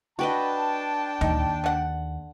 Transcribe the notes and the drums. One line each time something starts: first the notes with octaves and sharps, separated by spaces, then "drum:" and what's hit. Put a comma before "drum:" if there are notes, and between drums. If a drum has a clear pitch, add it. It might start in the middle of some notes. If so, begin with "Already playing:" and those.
D4 F#4 B4 D#5 G5 A5
D#2 D#4, drum: tom D2
D3 F#5